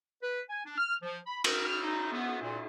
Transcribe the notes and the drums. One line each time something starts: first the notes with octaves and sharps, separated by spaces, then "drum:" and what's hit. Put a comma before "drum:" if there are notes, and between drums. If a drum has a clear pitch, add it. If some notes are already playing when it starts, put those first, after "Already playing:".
B4
G#5
D4
F6
F3
B5
A#4, drum: cymbal
F6
D#4
B3
A#2